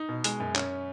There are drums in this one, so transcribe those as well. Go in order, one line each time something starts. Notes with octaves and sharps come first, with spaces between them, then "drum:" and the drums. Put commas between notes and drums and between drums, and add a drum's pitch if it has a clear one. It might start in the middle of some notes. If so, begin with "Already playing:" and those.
Already playing: D#4
B2
G#3, drum: hi-hat
F#2
C#4, drum: clap